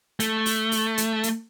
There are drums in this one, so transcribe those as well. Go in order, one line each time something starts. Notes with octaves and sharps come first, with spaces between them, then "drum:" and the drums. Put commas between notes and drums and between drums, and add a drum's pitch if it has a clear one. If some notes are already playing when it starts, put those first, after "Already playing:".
A3, drum: hi-hat
drum: open hi-hat
drum: open hi-hat
drum: hi-hat
drum: hi-hat